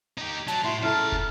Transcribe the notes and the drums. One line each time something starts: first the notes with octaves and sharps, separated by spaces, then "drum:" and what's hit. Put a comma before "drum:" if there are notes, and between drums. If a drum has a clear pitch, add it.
D#4 G4
F#3 A5, drum: hi-hat
A2 E4 F#4 C6
C#3 E4 A4 A5 A#5 F6
drum: kick